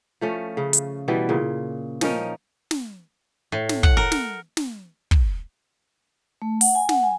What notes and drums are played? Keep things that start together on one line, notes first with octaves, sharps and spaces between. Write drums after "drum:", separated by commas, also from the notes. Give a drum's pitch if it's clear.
F3 A3 C#4
C#3
drum: hi-hat
B2 E3 G3 B3
A#2 C#3
F3 C#4 D#4 A#4, drum: snare
drum: snare
A2
drum: snare
F#5, drum: kick
A#4
drum: snare
drum: snare
drum: kick
A3
F#5, drum: open hi-hat
G#5
F#5, drum: snare
G#5